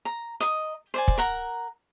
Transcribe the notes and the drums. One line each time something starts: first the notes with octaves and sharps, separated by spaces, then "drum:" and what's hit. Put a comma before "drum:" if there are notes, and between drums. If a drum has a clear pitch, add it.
A#5
D#5 A#5, drum: hi-hat
C5 D5 G#5
drum: kick
A#4 F#5 A#5